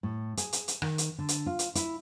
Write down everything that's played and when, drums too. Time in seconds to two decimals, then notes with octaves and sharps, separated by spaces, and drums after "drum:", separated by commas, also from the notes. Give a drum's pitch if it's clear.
0.03 A2
0.37 G#4, drum: hi-hat
0.53 drum: hi-hat
0.68 drum: hi-hat
0.82 D#3, drum: rim click
0.98 drum: hi-hat
1.18 D3
1.29 drum: hi-hat
1.46 F4
1.59 drum: hi-hat
1.75 E4, drum: hi-hat